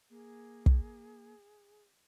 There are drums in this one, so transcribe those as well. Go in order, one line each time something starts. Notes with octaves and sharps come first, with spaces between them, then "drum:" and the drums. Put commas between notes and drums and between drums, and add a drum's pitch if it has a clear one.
A#3 G#4
drum: kick